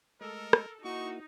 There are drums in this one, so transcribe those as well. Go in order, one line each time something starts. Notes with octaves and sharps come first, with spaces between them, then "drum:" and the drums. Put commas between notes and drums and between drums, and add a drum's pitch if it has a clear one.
G#3 A3 A4 A#4 D#5
drum: rim click
A#3 D#4 E4 F#4 C#6